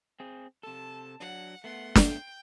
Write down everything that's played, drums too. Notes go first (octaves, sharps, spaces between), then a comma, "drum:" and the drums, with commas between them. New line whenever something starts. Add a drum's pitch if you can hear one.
C4 G#4
C3 A4 A5
F#3 D4 F#5
A3 B3 F#5 C6
drum: snare
G5